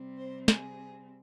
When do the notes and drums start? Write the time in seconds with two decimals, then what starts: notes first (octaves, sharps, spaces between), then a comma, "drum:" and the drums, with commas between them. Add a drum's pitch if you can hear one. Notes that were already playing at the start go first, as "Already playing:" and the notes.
Already playing: C3 G3 C4
0.18 C5
0.48 G#4, drum: snare